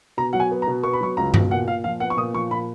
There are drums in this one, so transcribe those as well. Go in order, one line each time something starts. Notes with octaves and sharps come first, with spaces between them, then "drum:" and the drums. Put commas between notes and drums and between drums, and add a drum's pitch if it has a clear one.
B2 A#5
F#3 F#5
G#5
B3
A#5
B2
B3 C#6
B5
F#3 C#6
C#2 A#5
B2, drum: tom G2
A#2 F#5
A#2 F5
F3 F5
B3 F#5
C#6
A#2 D#6
F3 C#6
A#2 B5